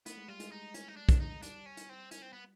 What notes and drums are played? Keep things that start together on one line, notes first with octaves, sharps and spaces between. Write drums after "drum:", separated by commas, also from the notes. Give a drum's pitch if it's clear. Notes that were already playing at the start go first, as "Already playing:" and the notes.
A3 B3, drum: hi-hat
G#3
G3 F4
G#3, drum: hi-hat
D#4
C#4, drum: hi-hat
D#4
D4
drum: kick, hi-hat
D#4
G#3
G3 D4, drum: hi-hat
C#4
drum: hi-hat
C4
C#4, drum: hi-hat
C4
B3